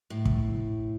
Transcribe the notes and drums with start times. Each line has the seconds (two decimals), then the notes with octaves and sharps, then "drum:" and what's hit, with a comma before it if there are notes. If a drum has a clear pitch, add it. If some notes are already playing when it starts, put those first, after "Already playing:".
0.10 A2
0.25 drum: kick